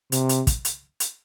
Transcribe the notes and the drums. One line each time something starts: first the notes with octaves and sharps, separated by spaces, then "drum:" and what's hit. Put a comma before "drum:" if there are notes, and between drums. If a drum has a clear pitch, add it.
C3, drum: hi-hat
drum: hi-hat
drum: kick, hi-hat
drum: hi-hat
drum: hi-hat